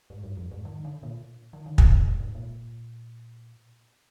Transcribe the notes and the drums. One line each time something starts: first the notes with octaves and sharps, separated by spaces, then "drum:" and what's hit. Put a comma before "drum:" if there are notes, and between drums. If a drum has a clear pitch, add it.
G#2
G2
F2
G#2
D#3
D3
A#2
D#3
D3
C3, drum: kick
A#2
G#2
G#2
A#2